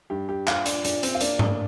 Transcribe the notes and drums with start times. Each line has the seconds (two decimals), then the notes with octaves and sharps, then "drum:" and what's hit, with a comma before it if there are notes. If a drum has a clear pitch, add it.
0.10 G2 G4
0.29 G4
0.48 A#2 F4, drum: clap
0.66 D4, drum: hi-hat
0.84 A#2 D4, drum: hi-hat
1.03 C4, drum: hi-hat
1.15 F4
1.20 A#3 D4, drum: hi-hat
1.39 drum: tom G#2